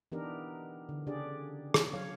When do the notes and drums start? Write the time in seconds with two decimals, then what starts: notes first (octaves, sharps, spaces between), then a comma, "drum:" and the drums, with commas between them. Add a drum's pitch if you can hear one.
0.12 E3 B3 D4 D#4 G4 A#4
0.89 D3
1.07 C#3 D4 G4 G#4 D5
1.74 drum: rim click
1.93 F#3 C#5 F5